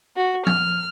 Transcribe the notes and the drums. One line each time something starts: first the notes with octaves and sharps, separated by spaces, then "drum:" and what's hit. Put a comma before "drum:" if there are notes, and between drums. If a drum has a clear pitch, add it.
F#4
F6, drum: tom F3